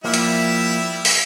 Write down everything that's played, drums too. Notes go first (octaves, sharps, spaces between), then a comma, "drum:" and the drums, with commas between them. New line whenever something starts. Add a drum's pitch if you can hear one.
F3 G3 A#3 E4 E5
drum: hi-hat
drum: open hi-hat